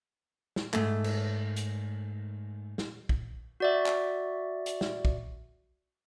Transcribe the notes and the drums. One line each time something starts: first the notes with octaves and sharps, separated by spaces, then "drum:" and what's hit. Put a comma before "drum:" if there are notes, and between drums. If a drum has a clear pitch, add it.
drum: snare
G#2 A3, drum: clap
drum: cymbal
drum: hi-hat
drum: snare
drum: kick
F#4 D5 E5
drum: clap
drum: hi-hat
drum: snare
drum: kick